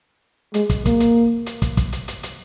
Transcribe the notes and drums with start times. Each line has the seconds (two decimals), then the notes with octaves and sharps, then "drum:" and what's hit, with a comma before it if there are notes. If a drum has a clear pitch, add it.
0.54 G#3, drum: hi-hat
0.70 drum: kick, hi-hat
0.86 A#3, drum: kick, hi-hat
1.00 drum: hi-hat
1.47 drum: hi-hat
1.62 drum: kick, hi-hat
1.77 drum: kick, hi-hat
1.93 drum: hi-hat
2.08 drum: hi-hat
2.23 drum: hi-hat